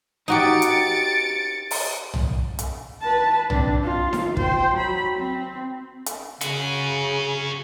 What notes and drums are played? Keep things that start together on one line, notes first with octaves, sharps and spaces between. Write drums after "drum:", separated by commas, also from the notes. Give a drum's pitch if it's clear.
D#4 F#4 G4 A6 C#7 D7
drum: hi-hat
drum: open hi-hat
drum: tom
drum: hi-hat
B4 A5
C4 D4, drum: tom
F4
drum: snare D#4
C5 G5, drum: kick
F#3 B5
C4
drum: hi-hat
C#3 C#4 F#4, drum: hi-hat